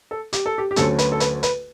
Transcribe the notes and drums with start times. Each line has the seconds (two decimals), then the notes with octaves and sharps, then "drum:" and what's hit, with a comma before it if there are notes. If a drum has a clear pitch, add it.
0.11 A4
0.33 G4, drum: hi-hat
0.46 A4
0.58 G4
0.71 G4
0.76 D2 D3 F#3 A3 C#4 A4, drum: hi-hat
0.99 B4, drum: hi-hat
1.12 A4
1.20 B4, drum: hi-hat
1.43 B4, drum: hi-hat